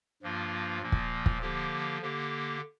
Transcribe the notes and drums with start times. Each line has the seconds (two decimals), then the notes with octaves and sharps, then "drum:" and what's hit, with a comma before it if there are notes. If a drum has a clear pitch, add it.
0.22 G2 F3 A#3 F4
0.82 A#2 F3 A#3
0.92 drum: kick
1.26 drum: kick
1.41 D3 F3 A#3 G4
2.02 D3 A#3 G4